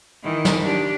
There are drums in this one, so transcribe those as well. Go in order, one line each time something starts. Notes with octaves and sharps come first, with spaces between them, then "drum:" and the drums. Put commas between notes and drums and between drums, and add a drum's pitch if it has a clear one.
D#3 E3
drum: snare
D4 G4